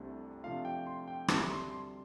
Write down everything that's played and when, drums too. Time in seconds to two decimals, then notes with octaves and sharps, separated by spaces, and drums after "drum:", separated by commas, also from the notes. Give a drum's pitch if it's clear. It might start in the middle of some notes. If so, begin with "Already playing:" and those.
Already playing: C2 C3 A3 D4
0.44 C3 F3 A3 D4 F4 F5
0.65 G5
0.87 C6
1.08 G5
1.28 D2 C3 G3 D4 A5, drum: rim click
1.50 C6
1.71 C6